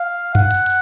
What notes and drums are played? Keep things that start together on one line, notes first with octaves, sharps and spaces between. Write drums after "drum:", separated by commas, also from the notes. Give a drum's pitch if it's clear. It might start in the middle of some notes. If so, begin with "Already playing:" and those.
Already playing: F5
F#5, drum: tom F#2
drum: hi-hat
drum: hi-hat